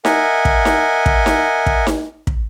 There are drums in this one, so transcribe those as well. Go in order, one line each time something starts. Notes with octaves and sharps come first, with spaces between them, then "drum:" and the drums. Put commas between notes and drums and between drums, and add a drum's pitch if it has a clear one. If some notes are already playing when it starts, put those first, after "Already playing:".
A#4 D#5 E5 F#5 G#5, drum: snare D#4
drum: kick
drum: snare D#4
drum: kick
drum: snare D#4
drum: kick
drum: snare D#4
drum: kick